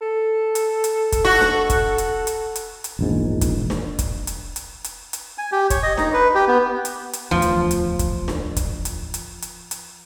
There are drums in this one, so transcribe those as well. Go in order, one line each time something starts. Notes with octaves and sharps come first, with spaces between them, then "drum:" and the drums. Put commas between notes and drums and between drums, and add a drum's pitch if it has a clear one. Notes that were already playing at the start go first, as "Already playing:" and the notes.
A4
drum: hi-hat
drum: hi-hat
drum: kick, hi-hat
F#4
drum: snare D4
drum: kick, hi-hat
drum: hi-hat
drum: hi-hat
drum: hi-hat
drum: hi-hat
E1 A#1 G#2
drum: kick, hi-hat
drum: snare D4
drum: kick, hi-hat
drum: hi-hat
drum: hi-hat
drum: hi-hat
drum: hi-hat
G#5
G4
C#5, drum: kick, hi-hat
D#5
D#4, drum: snare D4
B4
G4
B3
drum: hi-hat
drum: hi-hat
D1 E2 F3 A3
drum: hi-hat
drum: hi-hat
drum: kick, hi-hat
drum: snare D4
drum: kick, hi-hat
drum: hi-hat
drum: hi-hat
drum: hi-hat
drum: hi-hat